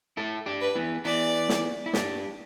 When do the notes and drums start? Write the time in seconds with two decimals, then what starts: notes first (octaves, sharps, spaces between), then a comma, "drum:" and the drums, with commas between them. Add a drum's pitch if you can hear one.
0.17 E4 A4
0.46 D4 G4
0.61 B4
0.76 B3 E4
1.05 B3 E4 D5
1.49 drum: snare
1.86 E4
1.93 D4 G4, drum: snare